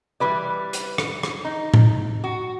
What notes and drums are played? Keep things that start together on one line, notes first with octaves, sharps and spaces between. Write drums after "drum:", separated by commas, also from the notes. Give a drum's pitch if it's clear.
E3 G3 B4 D5
drum: hi-hat
drum: rim click
drum: rim click
D#4
drum: tom A2
F#4